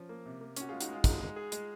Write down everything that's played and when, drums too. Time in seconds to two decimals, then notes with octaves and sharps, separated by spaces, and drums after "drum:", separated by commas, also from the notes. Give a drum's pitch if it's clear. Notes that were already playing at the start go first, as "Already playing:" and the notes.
Already playing: F3 C#4
0.09 A#3
0.26 C3
0.41 A#3
0.56 C#4 F#4, drum: hi-hat
0.69 F4 G#4
0.73 G#3
0.81 D#4 F#4, drum: hi-hat
0.89 G#3 F4 G#4
1.04 G#3 D#4 F#4, drum: kick, hi-hat
1.21 G#3
1.36 G#4
1.52 G#3, drum: hi-hat